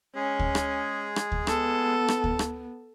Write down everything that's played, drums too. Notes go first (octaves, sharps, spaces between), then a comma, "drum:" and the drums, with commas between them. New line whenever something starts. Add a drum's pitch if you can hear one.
G#3 C#4 G#4
drum: kick D2
drum: rim click
drum: rim click
drum: kick D2
B3 A4, drum: rim click
drum: rim click
drum: kick D2
drum: rim click